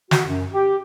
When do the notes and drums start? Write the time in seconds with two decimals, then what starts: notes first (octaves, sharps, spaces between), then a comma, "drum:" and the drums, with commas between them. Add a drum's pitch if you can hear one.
0.11 F#4, drum: snare
0.27 F#2
0.54 G4